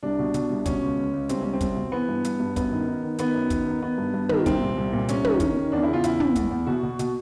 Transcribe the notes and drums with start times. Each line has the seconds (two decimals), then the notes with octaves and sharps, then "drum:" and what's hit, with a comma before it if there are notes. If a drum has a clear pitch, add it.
0.03 C2 D4
0.19 B2
0.34 B2, drum: hi-hat
0.50 C2
0.66 B2 C#4, drum: kick, hi-hat
0.82 C#2
0.98 C#2
1.13 C#2
1.29 C2 C4, drum: hi-hat
1.41 C2 C#4
1.53 C4
1.61 C2, drum: kick, hi-hat
1.76 B2
1.92 E3 B3
2.09 G2
2.24 G2, drum: hi-hat
2.40 G2
2.56 F#2 B3, drum: kick, hi-hat
2.71 D#3
2.88 D#3
3.03 D#3
3.18 D#3 B3, drum: hi-hat
3.34 F#2
3.50 D#3, drum: kick, hi-hat
3.66 D#3
3.82 D#3 B3
3.98 G2
4.14 G2
4.29 D#3, drum: tom
4.46 C2 C4, drum: kick, hi-hat
4.62 A#2
4.77 C2
4.93 A#2
5.09 C2 C#4, drum: hi-hat
5.24 D#3, drum: tom
5.40 D#3, drum: kick, hi-hat
5.57 D#3
5.72 E2 D4
5.83 E4
5.88 C#3 F4
6.04 E2 E4, drum: hi-hat
6.20 E2, drum: tom
6.36 E2, drum: kick, hi-hat
6.51 E2
6.66 B2 F#4
6.83 B2
6.99 B2, drum: hi-hat